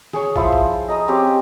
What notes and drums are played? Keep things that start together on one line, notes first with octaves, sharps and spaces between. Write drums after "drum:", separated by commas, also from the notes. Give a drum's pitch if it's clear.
G#4 C#5, drum: snare
F3 E4 C5, drum: kick
drum: kick
D#5 A#5 D#6
C4 C#4 G4